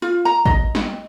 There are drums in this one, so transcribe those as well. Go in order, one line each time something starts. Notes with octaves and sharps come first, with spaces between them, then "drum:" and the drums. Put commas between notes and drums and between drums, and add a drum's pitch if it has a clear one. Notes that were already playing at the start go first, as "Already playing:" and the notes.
F4
A#5
D#5, drum: kick
drum: snare